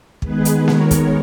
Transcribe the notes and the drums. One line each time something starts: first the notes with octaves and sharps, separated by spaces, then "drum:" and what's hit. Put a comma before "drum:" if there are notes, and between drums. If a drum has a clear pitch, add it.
D#3 G#3 B3 G#4 B4, drum: kick
drum: hi-hat
A#4 C#5, drum: snare A#3
drum: kick, hi-hat